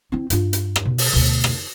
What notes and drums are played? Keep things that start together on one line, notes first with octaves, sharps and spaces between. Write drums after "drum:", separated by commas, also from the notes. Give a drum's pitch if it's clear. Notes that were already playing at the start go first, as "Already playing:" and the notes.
C4 E4
G2 F4, drum: hi-hat
drum: hi-hat
drum: rim click
B2
drum: open hi-hat
D2 B2
drum: rim click